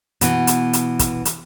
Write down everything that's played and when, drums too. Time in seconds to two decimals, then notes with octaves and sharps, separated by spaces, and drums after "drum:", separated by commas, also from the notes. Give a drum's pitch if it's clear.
0.21 B2 E3, drum: hi-hat
0.47 drum: hi-hat
0.73 drum: hi-hat
0.99 drum: kick, hi-hat
1.25 drum: hi-hat